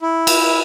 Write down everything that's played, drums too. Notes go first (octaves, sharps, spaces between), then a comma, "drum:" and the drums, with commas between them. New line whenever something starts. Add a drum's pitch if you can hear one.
E4
drum: cymbal